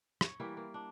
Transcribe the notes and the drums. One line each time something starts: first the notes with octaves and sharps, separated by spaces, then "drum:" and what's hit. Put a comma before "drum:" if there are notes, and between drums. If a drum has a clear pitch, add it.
C#5, drum: rim click
E3 G3 A#3 E4
A#3
D4